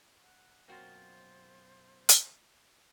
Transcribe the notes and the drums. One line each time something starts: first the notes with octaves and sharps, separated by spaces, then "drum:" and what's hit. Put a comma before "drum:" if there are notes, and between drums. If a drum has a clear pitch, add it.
F#5
B1 F#2 A#3 C4 F4 F#4 C5
drum: hi-hat